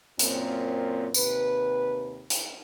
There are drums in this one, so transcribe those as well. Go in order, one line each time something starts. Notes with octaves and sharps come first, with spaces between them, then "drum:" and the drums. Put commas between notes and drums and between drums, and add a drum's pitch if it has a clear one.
F#2 A#2 C4, drum: hi-hat
D#2 C3 B4, drum: tambourine
drum: hi-hat